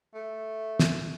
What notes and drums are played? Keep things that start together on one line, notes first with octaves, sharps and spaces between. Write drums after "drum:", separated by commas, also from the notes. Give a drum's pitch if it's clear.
A3
drum: snare